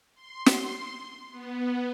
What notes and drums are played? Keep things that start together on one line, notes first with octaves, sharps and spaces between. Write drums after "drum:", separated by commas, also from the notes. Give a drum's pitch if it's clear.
C6
drum: snare
B3